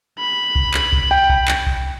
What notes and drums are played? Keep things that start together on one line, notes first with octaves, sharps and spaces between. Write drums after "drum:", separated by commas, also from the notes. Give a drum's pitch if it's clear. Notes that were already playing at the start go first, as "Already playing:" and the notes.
B5
drum: kick C2
drum: clap
drum: kick C2
G5
drum: kick C2
drum: clap
drum: kick C2